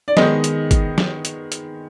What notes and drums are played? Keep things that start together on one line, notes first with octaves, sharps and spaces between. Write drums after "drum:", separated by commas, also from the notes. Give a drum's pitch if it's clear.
D5
D#3 G#3 B3 D#5, drum: snare
drum: hi-hat
drum: kick, hi-hat
drum: snare
drum: hi-hat
drum: hi-hat